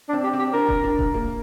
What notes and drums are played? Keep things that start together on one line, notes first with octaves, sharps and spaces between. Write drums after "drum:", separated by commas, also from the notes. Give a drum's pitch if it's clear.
D4
C4
G4
C4
G4
D4 A#4
drum: kick D#1
D4
drum: kick D#1
A#3